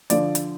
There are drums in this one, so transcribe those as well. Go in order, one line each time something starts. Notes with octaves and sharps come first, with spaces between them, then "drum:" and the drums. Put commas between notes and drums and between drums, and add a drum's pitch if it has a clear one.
D3 F3 D5, drum: hi-hat
drum: hi-hat